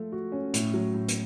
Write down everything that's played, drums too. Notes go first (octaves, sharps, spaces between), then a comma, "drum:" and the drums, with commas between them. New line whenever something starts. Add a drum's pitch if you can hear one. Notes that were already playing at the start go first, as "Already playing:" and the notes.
Already playing: F3 A3 F4
F#4
C#4
A2, drum: hi-hat
F#3
A2
drum: hi-hat